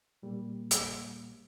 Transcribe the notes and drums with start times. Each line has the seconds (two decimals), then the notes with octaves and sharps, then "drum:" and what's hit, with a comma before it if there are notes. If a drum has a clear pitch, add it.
0.23 A#2 G3 A#3
0.71 drum: hi-hat